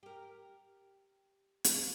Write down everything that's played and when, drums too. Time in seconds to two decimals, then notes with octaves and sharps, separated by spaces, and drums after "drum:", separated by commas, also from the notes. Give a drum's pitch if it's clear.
0.03 G4 A#4
1.64 drum: hi-hat